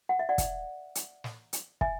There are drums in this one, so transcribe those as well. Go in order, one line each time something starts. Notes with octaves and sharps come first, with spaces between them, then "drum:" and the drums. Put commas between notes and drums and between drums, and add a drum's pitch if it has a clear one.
F#5
E5
D5 F#5
drum: kick, hi-hat
drum: hi-hat
drum: snare
drum: hi-hat
E5 G#5, drum: kick